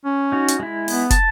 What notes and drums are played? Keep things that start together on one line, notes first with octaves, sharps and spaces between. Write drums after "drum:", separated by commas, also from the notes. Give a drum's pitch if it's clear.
C#4
D#4 F#4
drum: hi-hat
G#3 E4
B3, drum: open hi-hat
A5, drum: kick, hi-hat